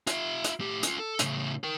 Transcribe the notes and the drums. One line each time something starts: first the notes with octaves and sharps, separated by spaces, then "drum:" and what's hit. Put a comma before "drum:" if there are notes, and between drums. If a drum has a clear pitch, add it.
F4 E5, drum: hi-hat
drum: hi-hat
A2 G4
C#4 F4, drum: hi-hat
A4
A2 C#3, drum: hi-hat
A#4 G5